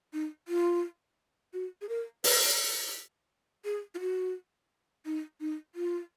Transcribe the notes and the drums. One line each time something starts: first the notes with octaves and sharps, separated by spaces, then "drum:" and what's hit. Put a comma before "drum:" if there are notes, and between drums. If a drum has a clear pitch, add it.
D#4
F4
F#4
G#4
A#4
B4, drum: open hi-hat
G#4
F4
F#4
D#4
D#4
F4